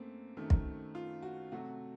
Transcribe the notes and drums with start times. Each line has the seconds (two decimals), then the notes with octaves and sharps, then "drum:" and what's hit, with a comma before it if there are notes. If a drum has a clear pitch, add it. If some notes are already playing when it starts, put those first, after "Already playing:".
Already playing: F#2 A3 A#3 C4
0.37 F#2 D#3 A3
0.50 drum: kick
0.95 F4
1.23 F#4
1.52 C3 F#3 A3 F#4